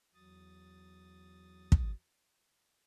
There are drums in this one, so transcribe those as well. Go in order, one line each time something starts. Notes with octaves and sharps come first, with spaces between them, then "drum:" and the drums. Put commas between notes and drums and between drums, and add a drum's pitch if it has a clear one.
E2 F#3 D#6 A6
drum: kick